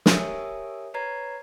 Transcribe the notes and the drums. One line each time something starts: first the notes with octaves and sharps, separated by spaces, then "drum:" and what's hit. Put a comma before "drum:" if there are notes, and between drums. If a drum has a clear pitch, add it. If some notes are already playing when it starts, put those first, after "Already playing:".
G4 A#4 C#5 E5 G#5 D#6, drum: snare
B4 C#5 A#5 G#6 C7